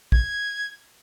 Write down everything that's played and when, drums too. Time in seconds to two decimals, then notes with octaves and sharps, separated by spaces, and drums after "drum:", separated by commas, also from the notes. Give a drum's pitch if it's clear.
0.12 G#6, drum: kick